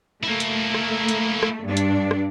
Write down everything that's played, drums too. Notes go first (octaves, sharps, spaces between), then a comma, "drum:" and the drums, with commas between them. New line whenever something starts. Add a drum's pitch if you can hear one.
A3 A#3 E4
drum: hi-hat
drum: rim click
drum: hi-hat
drum: rim click
G2 D4
drum: hi-hat
drum: rim click